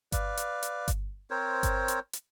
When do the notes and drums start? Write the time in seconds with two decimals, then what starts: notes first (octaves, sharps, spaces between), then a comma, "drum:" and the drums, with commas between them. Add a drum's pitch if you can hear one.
0.12 B4 D5 F5, drum: kick G1, hi-hat
0.37 drum: hi-hat
0.63 drum: hi-hat
0.88 drum: kick G1, hi-hat
1.30 C4 A#4 C5 C#5
1.63 drum: kick G1, hi-hat
1.88 drum: hi-hat
2.13 drum: hi-hat